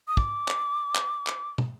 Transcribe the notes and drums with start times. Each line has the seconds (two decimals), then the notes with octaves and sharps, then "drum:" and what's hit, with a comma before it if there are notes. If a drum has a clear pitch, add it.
0.08 D#6
0.17 D6, drum: kick
0.48 drum: clap
0.95 drum: clap
1.27 drum: clap
1.58 drum: tom